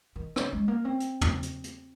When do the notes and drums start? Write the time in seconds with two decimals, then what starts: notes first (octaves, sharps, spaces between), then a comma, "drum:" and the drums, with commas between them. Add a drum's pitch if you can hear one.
0.16 D#3
0.36 C#3, drum: rim click
0.53 G#3
0.68 A#3
0.85 C4
1.00 drum: hi-hat
1.21 drum: tom
1.43 drum: hi-hat
1.64 drum: hi-hat